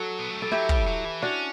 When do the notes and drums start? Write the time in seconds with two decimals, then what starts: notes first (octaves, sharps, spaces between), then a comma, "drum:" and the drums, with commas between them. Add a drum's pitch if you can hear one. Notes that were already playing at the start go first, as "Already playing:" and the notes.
Already playing: F#3 F#4 A4
0.19 B3
0.31 A3
0.42 G3 A4
0.51 F#3 E4 G4
0.69 G3, drum: kick
0.87 F#3
1.05 E3
1.22 C#4 D4 F#4